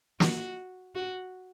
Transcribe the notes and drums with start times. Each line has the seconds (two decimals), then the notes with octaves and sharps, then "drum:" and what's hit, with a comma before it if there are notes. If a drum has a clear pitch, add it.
0.20 F#4, drum: snare
0.95 F#4